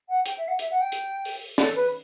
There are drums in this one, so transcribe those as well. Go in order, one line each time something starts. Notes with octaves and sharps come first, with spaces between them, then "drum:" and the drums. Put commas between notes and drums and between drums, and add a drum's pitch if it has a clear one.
F#5
G5, drum: hi-hat
E5
F#5
E5, drum: hi-hat
F#5
G5
drum: hi-hat
drum: open hi-hat
A4, drum: snare
B4